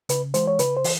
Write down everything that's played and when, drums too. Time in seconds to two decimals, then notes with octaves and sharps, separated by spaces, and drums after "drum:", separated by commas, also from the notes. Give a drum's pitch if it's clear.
0.09 C#3 B4, drum: hi-hat
0.34 E3 G#3 C5, drum: hi-hat
0.47 C#5
0.59 C#3 B4, drum: hi-hat
0.77 C5
0.84 E3, drum: open hi-hat